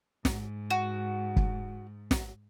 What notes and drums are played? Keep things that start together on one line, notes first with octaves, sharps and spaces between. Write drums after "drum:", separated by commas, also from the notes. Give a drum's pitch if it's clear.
G#2, drum: snare
F#4
drum: kick
drum: snare